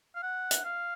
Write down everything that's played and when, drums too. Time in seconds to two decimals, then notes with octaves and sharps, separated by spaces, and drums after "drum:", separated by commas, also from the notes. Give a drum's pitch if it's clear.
0.16 F5
0.23 F#5
0.51 drum: hi-hat
0.64 F5